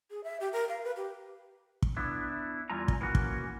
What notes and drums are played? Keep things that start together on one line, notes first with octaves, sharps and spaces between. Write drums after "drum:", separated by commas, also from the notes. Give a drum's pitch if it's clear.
G#4
E5
G4
A#4
F5
B4
G4
drum: kick
B3 D4 E4
E2 E3 G3 F4 G#5 A#5
drum: kick
E3 A#3 C#4 F#4
drum: kick